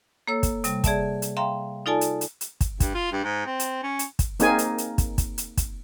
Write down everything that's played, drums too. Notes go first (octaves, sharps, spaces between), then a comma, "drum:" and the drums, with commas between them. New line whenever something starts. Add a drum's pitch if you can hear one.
A#3 A4 C#5 E6
drum: kick, hi-hat
C3 G3, drum: hi-hat
G#4 D5 E5 A5, drum: kick, hi-hat
drum: hi-hat
E5 F5 G5 A#5 C6
D#4 F4 A4 D5 G#5 A5
drum: hi-hat
drum: hi-hat
drum: hi-hat
drum: kick, hi-hat
G2, drum: kick, hi-hat
F4
G2
G#2
C4
drum: hi-hat
C#4
drum: hi-hat
drum: kick, hi-hat
A#3 C4 D#4 G#4 G#5, drum: hi-hat
drum: hi-hat
drum: hi-hat
drum: kick, hi-hat
drum: kick, hi-hat
drum: hi-hat
drum: kick, hi-hat